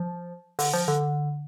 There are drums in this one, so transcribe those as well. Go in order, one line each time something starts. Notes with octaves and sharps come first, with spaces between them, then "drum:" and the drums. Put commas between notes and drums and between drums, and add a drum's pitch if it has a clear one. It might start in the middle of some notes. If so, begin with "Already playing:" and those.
Already playing: F3
D3, drum: open hi-hat
F3
D3